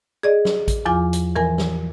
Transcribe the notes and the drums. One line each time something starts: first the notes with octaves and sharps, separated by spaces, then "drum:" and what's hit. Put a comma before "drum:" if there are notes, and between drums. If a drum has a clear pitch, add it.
G#4 D5 D#5
drum: snare
drum: kick A1, hi-hat
E2 F3 F4 G#5 D6
drum: hi-hat
E3 A#4 G#5, drum: tom A2
drum: snare